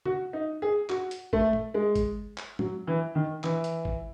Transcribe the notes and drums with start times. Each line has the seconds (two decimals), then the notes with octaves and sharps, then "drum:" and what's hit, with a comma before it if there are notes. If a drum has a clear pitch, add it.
0.05 F#4, drum: tom C#3
0.33 D#4
0.62 G#4
0.89 F#4, drum: clap
1.11 drum: hi-hat
1.33 A3, drum: kick G#1
1.53 drum: tom
1.74 G#3
1.95 drum: kick G#1, hi-hat
2.38 drum: clap
2.59 F#3, drum: tom
2.87 E3
3.15 D#3
3.44 E3, drum: clap
3.64 drum: hi-hat
3.85 drum: kick G#1